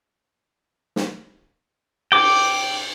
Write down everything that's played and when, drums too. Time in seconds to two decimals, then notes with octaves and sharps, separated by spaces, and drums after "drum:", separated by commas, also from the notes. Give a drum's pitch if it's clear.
0.96 drum: snare
2.12 G5 D6, drum: cymbal